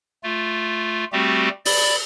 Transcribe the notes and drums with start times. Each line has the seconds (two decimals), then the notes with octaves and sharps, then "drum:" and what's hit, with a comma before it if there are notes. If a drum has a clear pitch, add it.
0.23 A3 F4
1.12 G3 A3 C4 F#4 G4
1.65 D5 B5, drum: open hi-hat